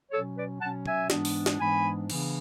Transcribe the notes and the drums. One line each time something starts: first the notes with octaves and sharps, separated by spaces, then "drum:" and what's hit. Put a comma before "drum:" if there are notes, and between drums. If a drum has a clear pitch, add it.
B2 F#3 C#4 A4 C#5
B4 D5
B2 F#3 C#4 F#5 A5
E5 G#5, drum: tom B2
G#2 E3 G#3 B3 D4, drum: snare
drum: open hi-hat
drum: snare
G#2 E3 G#3 B3 D4 G#5 B5
C#3 E3 B3 D4, drum: cymbal